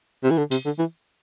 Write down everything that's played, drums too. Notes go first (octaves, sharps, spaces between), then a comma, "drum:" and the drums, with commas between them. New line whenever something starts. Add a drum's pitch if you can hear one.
C3
E3
D3
C3, drum: open hi-hat
D3
E3